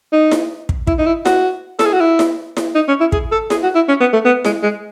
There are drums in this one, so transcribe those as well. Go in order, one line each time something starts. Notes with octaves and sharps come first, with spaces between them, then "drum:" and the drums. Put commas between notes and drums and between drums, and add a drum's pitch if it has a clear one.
D#4
drum: snare E4
drum: kick
E4, drum: kick
D#4
E4
F#4, drum: snare E4
A4, drum: snare E4
G#4
F#4
E4
drum: snare E4
drum: snare E4
D#4
C#4
E4
G#4, drum: kick
A4
G#4, drum: snare E4
F#4
E4
C#4
B3
A3
B3
G#3, drum: snare E4
G#3